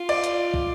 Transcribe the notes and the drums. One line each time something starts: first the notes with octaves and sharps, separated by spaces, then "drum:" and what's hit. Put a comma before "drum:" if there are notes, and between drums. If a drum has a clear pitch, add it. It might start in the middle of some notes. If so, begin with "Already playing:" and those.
Already playing: F4
D5, drum: cymbal
drum: hi-hat
drum: kick